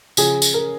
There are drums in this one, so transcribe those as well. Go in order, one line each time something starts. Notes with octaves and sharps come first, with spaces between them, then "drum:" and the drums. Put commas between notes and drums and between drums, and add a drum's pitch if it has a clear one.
C#3 F3 G#4, drum: tambourine
drum: tambourine
A#4